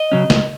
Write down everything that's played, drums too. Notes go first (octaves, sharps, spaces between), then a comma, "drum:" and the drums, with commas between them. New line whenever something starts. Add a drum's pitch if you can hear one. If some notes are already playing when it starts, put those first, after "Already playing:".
Already playing: D#5
C#3 F#3 C#4
C#2, drum: snare